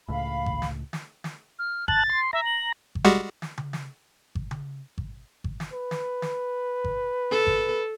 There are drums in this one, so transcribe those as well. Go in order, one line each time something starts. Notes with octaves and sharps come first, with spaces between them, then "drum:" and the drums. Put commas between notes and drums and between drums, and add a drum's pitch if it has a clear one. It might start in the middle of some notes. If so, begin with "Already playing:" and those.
C#2 A2 F5 B5
drum: kick G#1
drum: snare
drum: snare
drum: snare
F6
A5 F#6 A6, drum: kick G#1
C6
E5 A#5
F#7
drum: kick G#1
G3 G#3 F#4
drum: snare
drum: tom C#3
drum: snare
drum: kick G#1
drum: tom C#3
drum: kick G#1
drum: kick G#1
drum: snare
B4
drum: snare
drum: snare
drum: kick G#1
A4
drum: kick G#1